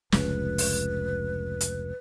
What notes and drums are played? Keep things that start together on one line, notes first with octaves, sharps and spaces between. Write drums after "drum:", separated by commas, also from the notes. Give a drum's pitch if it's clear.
F1 C#2 B4, drum: snare
drum: open hi-hat
drum: hi-hat